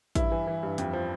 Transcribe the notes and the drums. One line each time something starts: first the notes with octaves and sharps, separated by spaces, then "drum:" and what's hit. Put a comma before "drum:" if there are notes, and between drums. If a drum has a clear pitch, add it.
G2 E4, drum: kick A1, hi-hat
E3
E3
G2
F2, drum: hi-hat
F3